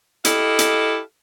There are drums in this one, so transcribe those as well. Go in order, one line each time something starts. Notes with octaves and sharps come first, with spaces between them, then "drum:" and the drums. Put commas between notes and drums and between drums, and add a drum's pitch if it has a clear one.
E4 G4 A4 D#5 F5, drum: hi-hat
drum: hi-hat